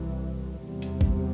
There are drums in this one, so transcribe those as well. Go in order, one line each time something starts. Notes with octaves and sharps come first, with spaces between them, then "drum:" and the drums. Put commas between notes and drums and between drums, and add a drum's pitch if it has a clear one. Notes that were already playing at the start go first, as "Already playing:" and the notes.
Already playing: C2 C3 E3
E2 C3 G3
drum: hi-hat
drum: kick G#1